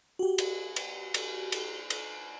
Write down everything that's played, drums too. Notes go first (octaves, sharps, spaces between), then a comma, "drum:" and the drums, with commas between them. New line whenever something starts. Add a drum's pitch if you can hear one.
F#4 G4
drum: cymbal
drum: cymbal
drum: cymbal
drum: cymbal
drum: cymbal